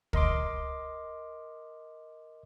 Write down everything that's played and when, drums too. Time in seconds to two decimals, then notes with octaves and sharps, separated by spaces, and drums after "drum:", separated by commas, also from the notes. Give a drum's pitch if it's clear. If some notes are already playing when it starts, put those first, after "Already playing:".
0.13 A#4 D#5 C6 D6, drum: kick